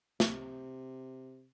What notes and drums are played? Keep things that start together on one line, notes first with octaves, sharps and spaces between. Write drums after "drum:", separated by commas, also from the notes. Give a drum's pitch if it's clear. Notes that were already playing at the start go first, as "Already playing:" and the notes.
C3, drum: snare